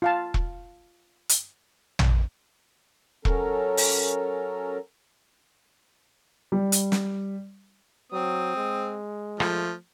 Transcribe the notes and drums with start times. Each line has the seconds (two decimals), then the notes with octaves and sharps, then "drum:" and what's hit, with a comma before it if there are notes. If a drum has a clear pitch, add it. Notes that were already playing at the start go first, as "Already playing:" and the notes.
0.02 F4 F5 A5
0.34 drum: kick E1
1.29 drum: hi-hat
1.99 drum: tom
3.25 F#3 C#4 A4 A#4, drum: kick E1
3.77 drum: open hi-hat
6.52 G3
6.72 drum: hi-hat
6.92 drum: snare
8.12 F#3 C4 D#6
8.57 G#3
9.40 F3 A3, drum: rim click